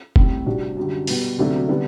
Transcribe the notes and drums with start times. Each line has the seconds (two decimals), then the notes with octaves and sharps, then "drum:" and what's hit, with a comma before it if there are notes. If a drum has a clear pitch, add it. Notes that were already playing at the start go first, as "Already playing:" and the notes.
0.16 A2 G3 C4, drum: kick F1
0.46 C2 C3 G3 D4 F#4
0.77 F#2 D3 G3
1.07 B2 G3 B3, drum: open hi-hat
1.38 D2 C3 F#3 A3 D4
1.69 D3 G3 B3 D4